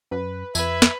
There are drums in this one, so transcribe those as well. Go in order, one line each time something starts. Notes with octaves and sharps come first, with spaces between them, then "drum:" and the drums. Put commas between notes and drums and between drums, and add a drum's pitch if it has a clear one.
F#2 B4
F2 B4 E5 G#6, drum: tambourine
drum: snare